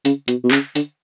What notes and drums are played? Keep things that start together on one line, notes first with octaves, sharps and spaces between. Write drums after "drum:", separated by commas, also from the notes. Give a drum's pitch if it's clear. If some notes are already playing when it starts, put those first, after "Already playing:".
C#3, drum: hi-hat
B2, drum: hi-hat
B2
C#3, drum: clap
D3, drum: hi-hat